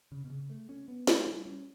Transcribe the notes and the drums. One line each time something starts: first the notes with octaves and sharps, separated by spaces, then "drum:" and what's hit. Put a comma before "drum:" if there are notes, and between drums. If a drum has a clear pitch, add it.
C#3
B2
C#3
A3
C#4
B3
A3, drum: snare
G3
C#4